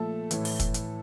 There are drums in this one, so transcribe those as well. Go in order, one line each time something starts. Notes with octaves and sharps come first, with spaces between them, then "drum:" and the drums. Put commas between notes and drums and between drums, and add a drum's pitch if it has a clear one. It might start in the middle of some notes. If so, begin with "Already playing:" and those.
Already playing: A#2 F3 A3 A4
A2 E3, drum: hi-hat
drum: open hi-hat
drum: kick, hi-hat
drum: hi-hat